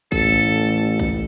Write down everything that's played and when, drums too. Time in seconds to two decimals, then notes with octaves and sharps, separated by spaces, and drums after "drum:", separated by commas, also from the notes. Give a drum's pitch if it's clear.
0.12 A1 A4, drum: kick
1.00 drum: kick